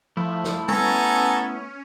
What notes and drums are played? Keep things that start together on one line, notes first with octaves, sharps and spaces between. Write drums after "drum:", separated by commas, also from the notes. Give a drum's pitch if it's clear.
F3 A3 E4
drum: snare
B3 C#4 A4 G#5 A#5, drum: tom G3